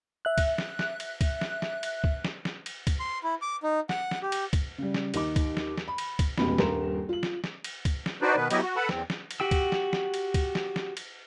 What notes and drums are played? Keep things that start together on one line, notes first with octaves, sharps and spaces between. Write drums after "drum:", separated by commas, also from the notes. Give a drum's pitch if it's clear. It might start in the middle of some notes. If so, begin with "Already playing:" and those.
E5 F#6
drum: kick C#2, cymbal
drum: snare
drum: snare
drum: cymbal
drum: kick C#2, cymbal
drum: snare
drum: snare
drum: cymbal
drum: kick C#2
drum: snare
drum: snare
drum: cymbal
drum: kick C#2, cymbal
C6
E4
D6
D#4
F#5, drum: snare
drum: snare
G4
drum: cymbal
drum: kick C#2, cymbal
C#3 G3
drum: snare
D#2 D#4 D6, drum: cymbal
drum: kick C#2, cymbal
drum: snare
drum: snare
B5
drum: cymbal
drum: kick C#2, cymbal
F1 C#2 B2 B5, drum: snare
D#1 G2 A#4 C6 E7, drum: snare
F4 F#7
drum: snare
drum: snare
drum: cymbal
drum: kick C#2, cymbal
drum: snare
D4 D#4 F#4 B4 C5 D5
B2 D#3 B3 B4
F#3 B3 E4 G4 D#5, drum: cymbal
F#4
A4 B4 F#5 A5 B5
E2 C4, drum: snare
drum: snare
drum: cymbal
F#4 G4 G5 E6
drum: kick C#2, cymbal
drum: snare
drum: snare
drum: cymbal
drum: kick C#2, cymbal
drum: snare
drum: snare
drum: cymbal